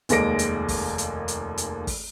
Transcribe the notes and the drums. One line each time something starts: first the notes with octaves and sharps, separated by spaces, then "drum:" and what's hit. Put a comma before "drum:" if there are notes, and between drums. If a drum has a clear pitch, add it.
F1 D#2 G#3 A#3 A#6 D7, drum: hi-hat
drum: hi-hat
drum: kick, open hi-hat
drum: hi-hat
drum: hi-hat
drum: hi-hat
drum: kick, open hi-hat